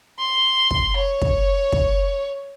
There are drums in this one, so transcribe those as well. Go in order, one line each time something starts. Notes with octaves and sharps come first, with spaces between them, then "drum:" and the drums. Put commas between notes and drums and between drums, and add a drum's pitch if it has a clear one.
C6
drum: kick
C#5
drum: kick
drum: kick